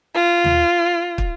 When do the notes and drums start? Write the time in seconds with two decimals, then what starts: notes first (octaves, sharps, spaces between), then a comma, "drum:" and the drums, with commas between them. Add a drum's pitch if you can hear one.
0.15 F4
0.44 drum: tom D#2
1.18 drum: kick